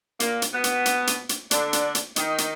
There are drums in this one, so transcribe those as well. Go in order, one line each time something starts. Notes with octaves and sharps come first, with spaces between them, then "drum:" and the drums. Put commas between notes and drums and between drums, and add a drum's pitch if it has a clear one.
A#2 A#3, drum: hi-hat
drum: hi-hat
B2 B3
drum: hi-hat
drum: hi-hat
drum: hi-hat
drum: hi-hat
D3 D4, drum: hi-hat
drum: hi-hat
drum: hi-hat
D#3 D#4, drum: hi-hat
drum: hi-hat